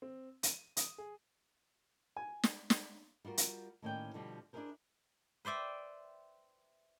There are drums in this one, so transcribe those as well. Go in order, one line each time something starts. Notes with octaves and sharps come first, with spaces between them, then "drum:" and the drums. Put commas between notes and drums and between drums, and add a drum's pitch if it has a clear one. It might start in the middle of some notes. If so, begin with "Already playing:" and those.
C4
D#7, drum: hi-hat
D#6, drum: hi-hat
G#4
G#5
drum: snare
drum: snare
G3 F4 F#4 A#4
drum: hi-hat
A2 D#3 A#3 C#4 D5 G5
B2 D3 F3 G3 C4
D4 E4 F#4 G#4 A#4 C5
B4 C5 D5 E5 G5